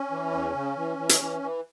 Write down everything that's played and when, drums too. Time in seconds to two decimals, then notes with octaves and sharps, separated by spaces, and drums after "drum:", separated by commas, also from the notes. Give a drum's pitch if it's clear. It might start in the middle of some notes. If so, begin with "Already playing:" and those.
Already playing: C#4
0.11 E3
0.32 E2
0.54 C#3
0.76 E3
0.98 E3
1.09 drum: hi-hat
1.20 E3
1.42 E3